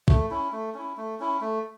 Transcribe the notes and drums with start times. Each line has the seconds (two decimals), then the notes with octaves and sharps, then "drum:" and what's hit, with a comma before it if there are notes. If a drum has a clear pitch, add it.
0.08 A3, drum: kick
0.31 C#4 E4
0.52 A3
0.74 C#4 E4
0.97 A3
1.20 C#4 E4
1.41 A3